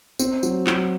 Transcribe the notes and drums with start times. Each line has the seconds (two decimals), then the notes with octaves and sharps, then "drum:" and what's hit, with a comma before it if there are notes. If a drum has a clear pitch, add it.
0.19 C4, drum: tambourine
0.43 F#3, drum: tambourine
0.67 F#3, drum: clap